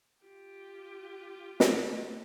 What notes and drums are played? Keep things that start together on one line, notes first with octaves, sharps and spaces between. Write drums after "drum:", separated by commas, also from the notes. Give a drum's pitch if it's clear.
F4 G4
drum: snare